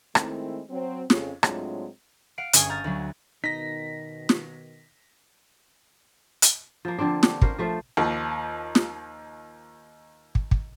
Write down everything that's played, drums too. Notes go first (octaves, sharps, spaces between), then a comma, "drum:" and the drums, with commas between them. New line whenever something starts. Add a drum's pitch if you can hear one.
D#3 G#3 A3 C4 E4, drum: rim click
F#3 C4
F2 C#3, drum: snare
A2 F#3 G#3 C4 D4 F4, drum: rim click
F5 F#5 C7 D7
G1 C#4 G#4 G#5, drum: hi-hat
G#5 A#5 F6 G6 A6
D2 F#3
B2 D#3 D#4 A#6 B6
drum: snare
drum: hi-hat
F3 A#3
D3 F3 C4 D4
G4, drum: snare
A#3 C#4 A#4 C5, drum: kick
F3 A3 C5
D#2 F3
drum: snare
drum: kick
drum: kick